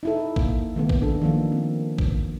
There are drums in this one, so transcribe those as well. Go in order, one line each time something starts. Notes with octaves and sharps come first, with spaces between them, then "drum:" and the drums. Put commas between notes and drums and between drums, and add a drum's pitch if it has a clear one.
D#4 E4 A4
A#3, drum: kick
D#3 A3 B3
drum: kick
D4 A4
D#3 F3 A#3
C4
drum: kick